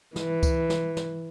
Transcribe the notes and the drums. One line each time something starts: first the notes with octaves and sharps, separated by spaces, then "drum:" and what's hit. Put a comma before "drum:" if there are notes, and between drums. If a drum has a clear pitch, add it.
E3, drum: snare
drum: kick C#2, tambourine
drum: snare
drum: snare